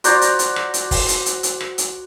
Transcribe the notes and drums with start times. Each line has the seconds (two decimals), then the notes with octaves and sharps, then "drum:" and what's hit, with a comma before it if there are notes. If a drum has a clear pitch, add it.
0.04 F#4 C5 D5 A#5, drum: hi-hat
0.22 drum: hi-hat
0.39 drum: hi-hat
0.56 drum: rim click
0.74 drum: hi-hat
0.91 drum: kick, open hi-hat
1.08 drum: hi-hat
1.26 drum: hi-hat
1.43 drum: hi-hat
1.61 drum: rim click
1.78 drum: hi-hat